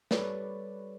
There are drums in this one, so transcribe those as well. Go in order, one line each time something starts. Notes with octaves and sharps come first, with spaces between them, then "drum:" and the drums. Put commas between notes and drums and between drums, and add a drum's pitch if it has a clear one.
G3 A4 B4 C#5 D5, drum: snare